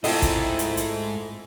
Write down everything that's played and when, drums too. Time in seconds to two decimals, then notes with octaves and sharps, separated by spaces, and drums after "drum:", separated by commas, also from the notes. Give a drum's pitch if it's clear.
0.04 G#2 A3 C4 E4 F4 G#4 A4 D#5, drum: open hi-hat
0.22 drum: kick A1, hi-hat
0.59 drum: hi-hat
0.77 drum: hi-hat